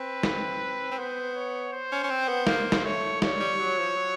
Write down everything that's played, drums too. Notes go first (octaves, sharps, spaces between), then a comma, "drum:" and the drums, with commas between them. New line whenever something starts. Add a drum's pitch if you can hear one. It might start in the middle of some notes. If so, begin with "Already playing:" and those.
Already playing: C4 B4
drum: snare
C4
B3 C5
C#5
C5
C#4
C#4
C4
B3
A#3 C5, drum: snare
drum: snare
A3 C#5
G3 C#5, drum: snare
G3
F#3
F3
F#3